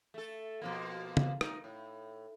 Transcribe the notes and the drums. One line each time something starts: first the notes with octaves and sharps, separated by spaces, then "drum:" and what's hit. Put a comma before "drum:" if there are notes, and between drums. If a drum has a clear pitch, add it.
A3 A4
B2 F3 A#3
drum: tom
D#4, drum: rim click
A2